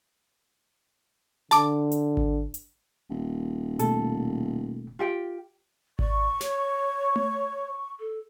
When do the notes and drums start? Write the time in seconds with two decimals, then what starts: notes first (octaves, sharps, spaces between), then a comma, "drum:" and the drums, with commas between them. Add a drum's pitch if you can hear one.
1.51 D3 A5 D6, drum: snare
1.92 drum: hi-hat
2.17 drum: kick G#1
2.54 drum: hi-hat
3.10 D#1
3.79 B2 A3 A4, drum: hi-hat
4.99 F4 G4 G5
5.99 D5 C#6, drum: kick G#1
6.41 C#5, drum: snare
7.16 drum: tom A3
7.99 A4